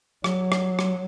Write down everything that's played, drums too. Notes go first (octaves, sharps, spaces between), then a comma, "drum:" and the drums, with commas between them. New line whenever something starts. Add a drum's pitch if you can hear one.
F#3, drum: rim click
drum: rim click
drum: rim click